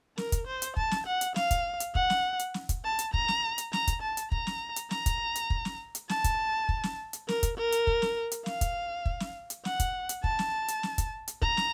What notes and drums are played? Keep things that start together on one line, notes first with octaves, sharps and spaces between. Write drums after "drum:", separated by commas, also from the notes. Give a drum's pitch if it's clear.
A#4, drum: snare
drum: kick, hi-hat
C5
drum: hi-hat
A5, drum: kick
drum: snare
F#5
drum: hi-hat
F5, drum: snare
drum: kick, hi-hat
drum: hi-hat
F#5, drum: kick
drum: snare
drum: hi-hat
drum: snare
drum: kick, hi-hat
A5
drum: hi-hat
A#5, drum: kick
drum: snare
drum: hi-hat
A#5, drum: snare
drum: kick, hi-hat
A5
drum: hi-hat
A#5, drum: kick
drum: snare
drum: hi-hat
A#5, drum: snare
drum: kick, hi-hat
drum: hi-hat
drum: kick
drum: snare
drum: hi-hat
A5, drum: snare
drum: kick, hi-hat
drum: kick
drum: snare
drum: hi-hat
A#4, drum: snare
drum: kick, hi-hat
A#4
drum: hi-hat
drum: kick
drum: snare
drum: hi-hat
F5, drum: snare
drum: kick, hi-hat
drum: kick
drum: snare
drum: hi-hat
F#5, drum: snare
drum: kick, hi-hat
drum: hi-hat
A5, drum: kick
drum: snare
drum: hi-hat
drum: snare
drum: kick, hi-hat
drum: hi-hat
A#5, drum: kick
drum: snare